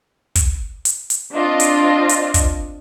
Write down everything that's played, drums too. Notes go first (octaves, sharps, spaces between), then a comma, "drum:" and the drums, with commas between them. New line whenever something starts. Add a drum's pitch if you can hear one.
drum: kick, hi-hat
drum: hi-hat
drum: hi-hat
C4 D4 F4 D#5
drum: hi-hat
drum: hi-hat
drum: kick, hi-hat